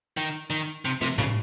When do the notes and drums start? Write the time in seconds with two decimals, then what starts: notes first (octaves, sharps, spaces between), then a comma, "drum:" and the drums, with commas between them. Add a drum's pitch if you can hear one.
0.17 D#3, drum: tambourine
0.50 D#3
0.85 C3
1.01 C3, drum: snare
1.18 C#3, drum: tom A2